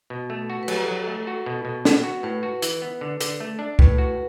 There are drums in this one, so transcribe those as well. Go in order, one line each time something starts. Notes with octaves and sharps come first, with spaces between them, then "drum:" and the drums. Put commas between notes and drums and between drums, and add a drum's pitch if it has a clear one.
B2
A3
F#4
B4
F#3 A4, drum: cymbal
F#3
A3
F#4
B2
B2
B3, drum: snare
F#4
A2 B4
F#4
E3, drum: hi-hat
B3
D3
D3, drum: hi-hat
A3
D4
A2 B4, drum: kick C2
F#4